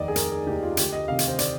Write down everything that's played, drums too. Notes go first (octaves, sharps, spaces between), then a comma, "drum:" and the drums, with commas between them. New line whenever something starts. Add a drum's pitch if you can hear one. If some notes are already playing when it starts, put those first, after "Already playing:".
Already playing: F1 D#2 D#3 D5 D#5
G#4
F1 A#4, drum: hi-hat
G#4
D#2 D#3 G4
F4
D2 G4, drum: hi-hat
D#5
C3 D#3 F5
drum: hi-hat
C5
D5, drum: hi-hat